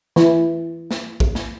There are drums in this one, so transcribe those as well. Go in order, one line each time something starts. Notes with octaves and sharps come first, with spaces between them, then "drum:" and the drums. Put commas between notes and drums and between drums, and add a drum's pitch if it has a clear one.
E3, drum: snare
drum: snare
drum: kick
drum: snare